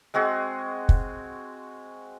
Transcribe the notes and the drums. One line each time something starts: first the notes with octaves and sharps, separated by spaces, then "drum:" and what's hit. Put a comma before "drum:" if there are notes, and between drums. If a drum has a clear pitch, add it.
G#3 C4 F#4 G#4
drum: kick